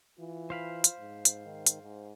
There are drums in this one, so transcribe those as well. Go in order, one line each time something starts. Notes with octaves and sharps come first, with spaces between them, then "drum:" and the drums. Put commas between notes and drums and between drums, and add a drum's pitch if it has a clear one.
E3 F4
C5 F5 B5
drum: hi-hat
G#2
drum: hi-hat
D#3
drum: hi-hat
G#2